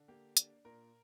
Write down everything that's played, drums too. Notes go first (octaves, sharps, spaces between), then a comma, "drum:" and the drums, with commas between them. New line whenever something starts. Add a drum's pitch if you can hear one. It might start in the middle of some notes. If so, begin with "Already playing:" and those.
Already playing: D3
A#3 G4
D4, drum: hi-hat
A#2 A#4